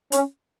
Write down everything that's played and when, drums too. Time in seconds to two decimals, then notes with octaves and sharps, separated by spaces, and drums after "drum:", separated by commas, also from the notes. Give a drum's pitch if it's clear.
0.12 C#4, drum: hi-hat